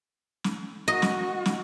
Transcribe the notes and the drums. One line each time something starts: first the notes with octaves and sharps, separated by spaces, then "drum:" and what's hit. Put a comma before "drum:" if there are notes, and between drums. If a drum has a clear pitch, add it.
drum: snare
F#4 D#5
drum: snare
drum: snare